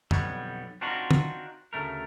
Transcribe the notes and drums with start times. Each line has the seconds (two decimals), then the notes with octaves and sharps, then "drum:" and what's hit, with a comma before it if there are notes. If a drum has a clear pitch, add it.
0.11 B1 F2 D3 G3 B3 C#5, drum: tom
0.81 C4 D4 D#4 F4 F#4
1.11 drum: tom
1.73 D2 C#3 A3 A#4